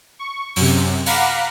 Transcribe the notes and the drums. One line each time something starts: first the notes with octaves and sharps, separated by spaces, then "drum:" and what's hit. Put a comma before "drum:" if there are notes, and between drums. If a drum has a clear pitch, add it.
C#6
F#2 C3, drum: open hi-hat
F5 F#5 A#5 B5 D6, drum: open hi-hat